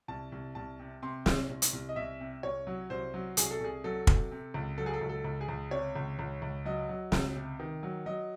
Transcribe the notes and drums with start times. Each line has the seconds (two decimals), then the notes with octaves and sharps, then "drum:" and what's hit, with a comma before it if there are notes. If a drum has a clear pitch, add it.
0.08 C2 A5
0.32 C2
0.55 C2 A5
0.79 C3
1.02 C3 C6
1.26 C2, drum: snare
1.49 C2
1.62 drum: hi-hat
1.73 C2
1.89 D#5
1.96 C2 E5
2.20 C3
2.43 C2 C#5
2.67 F#3
2.90 C2 C5
3.14 F#3
3.37 C2 G#4, drum: hi-hat
3.51 A4
3.60 C2 G#4
3.84 F#3 A4
4.07 C3, drum: kick
4.31 C3
4.54 C#2
4.78 F#3 A4
4.86 G#4
4.94 A4
5.01 C#2
5.09 A4
5.24 C#2
5.41 G#4
5.49 C#2
5.71 C3 C#5
5.95 C#2
6.19 C#2
6.42 C#2
6.65 F#3 D#5
6.89 F#3
7.12 C#2, drum: snare
7.36 C3
7.60 D#3
7.83 F#3
8.06 F#3 D#5